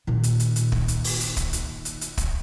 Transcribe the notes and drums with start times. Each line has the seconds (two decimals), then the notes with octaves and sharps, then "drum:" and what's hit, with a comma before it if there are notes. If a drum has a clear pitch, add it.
0.07 A#2 D#3
0.23 drum: hi-hat
0.40 drum: hi-hat
0.56 drum: hi-hat
0.72 drum: kick
0.88 drum: hi-hat
1.04 drum: open hi-hat
1.20 drum: hi-hat
1.37 drum: kick, hi-hat
1.53 drum: hi-hat
1.85 drum: hi-hat
2.01 drum: hi-hat
2.17 drum: kick, hi-hat